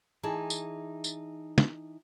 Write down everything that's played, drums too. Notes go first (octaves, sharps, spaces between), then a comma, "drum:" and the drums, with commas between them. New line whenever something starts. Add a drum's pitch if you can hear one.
E3 D#4 G#4 A5
drum: tambourine
drum: tambourine
drum: snare